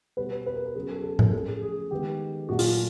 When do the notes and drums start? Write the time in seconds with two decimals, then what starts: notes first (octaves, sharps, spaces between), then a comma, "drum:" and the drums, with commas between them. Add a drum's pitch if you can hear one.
0.17 B2 G3 B3 B4
0.32 B4
0.46 B4
0.56 A#4
0.66 A#4
0.75 C#3 F#3 B3 G#4
0.90 A4
1.04 A4
1.19 A#4, drum: tom A2
1.33 C#3 F3 A3 A4
1.48 G#4
1.62 G#4
1.91 D#3 G#3 B3 G4
2.49 A#2 F#3 A3 F#4
2.59 F4, drum: open hi-hat